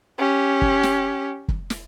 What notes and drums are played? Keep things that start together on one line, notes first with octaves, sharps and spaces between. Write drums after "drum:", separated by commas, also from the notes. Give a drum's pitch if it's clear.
C#4 G4
drum: kick
drum: snare
drum: kick
drum: snare